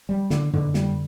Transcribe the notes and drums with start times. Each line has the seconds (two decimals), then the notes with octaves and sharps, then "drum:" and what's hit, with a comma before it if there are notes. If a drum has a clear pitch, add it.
0.09 G3
0.30 D3, drum: snare
0.53 D3, drum: tom
0.74 G3, drum: snare